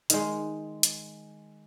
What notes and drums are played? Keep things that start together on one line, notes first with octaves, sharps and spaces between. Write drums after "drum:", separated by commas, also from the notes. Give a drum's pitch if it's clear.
D#3 G#3, drum: hi-hat
drum: hi-hat